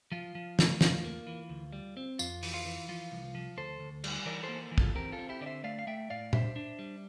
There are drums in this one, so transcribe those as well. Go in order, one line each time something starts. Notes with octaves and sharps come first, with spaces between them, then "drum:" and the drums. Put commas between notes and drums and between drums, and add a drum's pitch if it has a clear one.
F3 F4
F3
A3, drum: snare
E2 F4, drum: snare
A#3
E3
D2
G3
C4
F2 F4, drum: tambourine
E3, drum: open hi-hat
F4
E3
F3 F4
C2
F3
D2 A4 C5
D2
G3, drum: cymbal
E3 A#4 D5
A4 C5
A#3
E3
F4 A4, drum: kick
C4 G4 A#4
F4 A4
C4
E4 G4
D3 D5
C5 E5
A3 D5 F5
F5
A3 E5 G5
A2 D5 F5
D4 C5 E5, drum: tom A#2
D4
G3